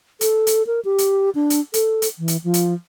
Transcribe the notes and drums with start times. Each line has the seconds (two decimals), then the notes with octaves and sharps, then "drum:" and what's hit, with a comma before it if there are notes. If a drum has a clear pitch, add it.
0.21 A4, drum: hi-hat
0.47 drum: hi-hat
0.67 A#4
0.85 G4
0.98 drum: hi-hat
1.35 D4
1.50 drum: hi-hat
1.74 A4, drum: hi-hat
2.02 drum: hi-hat
2.19 E3
2.28 drum: hi-hat
2.44 F3
2.54 drum: hi-hat